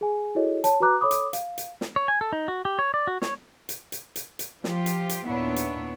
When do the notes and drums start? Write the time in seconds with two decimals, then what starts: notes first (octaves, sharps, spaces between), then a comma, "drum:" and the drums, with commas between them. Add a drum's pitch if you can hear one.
0.01 G#4 G#5
0.35 E4 F#4 G#4 A4 C#5 D#5
0.64 C#5 A5, drum: hi-hat
0.81 F#4 B4 A#5 D6 F#6
1.01 A4 C#5 B5 D6 D#6
1.11 drum: hi-hat
1.33 F5, drum: hi-hat
1.58 drum: hi-hat
1.81 drum: snare
1.96 C#5
2.08 G#5
2.21 A4
2.33 D#4
2.48 F#4
2.65 G4
2.79 C#5
2.94 D5
3.07 F#4
3.22 C#5, drum: snare
3.69 drum: hi-hat
3.92 drum: hi-hat
4.16 drum: hi-hat
4.39 drum: hi-hat
4.64 F3 F4 G4, drum: snare
4.86 drum: hi-hat
5.09 drum: hi-hat
5.27 D#2 A#2 B3 D4 E4 C#5
5.56 drum: hi-hat